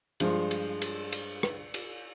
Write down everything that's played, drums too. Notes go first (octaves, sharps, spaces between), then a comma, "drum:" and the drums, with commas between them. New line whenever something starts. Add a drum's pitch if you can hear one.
G2 F3 G#3 F4, drum: cymbal
drum: cymbal
drum: cymbal
drum: cymbal
drum: rim click
drum: cymbal